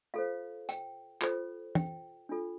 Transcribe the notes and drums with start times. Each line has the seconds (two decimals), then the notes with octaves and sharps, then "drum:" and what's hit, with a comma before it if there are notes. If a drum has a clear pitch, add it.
0.14 F4 A4 C5 F5
0.69 G5, drum: hi-hat
1.21 F4 A4 C5, drum: clap
1.75 G5, drum: tom
2.29 D4 F4 A4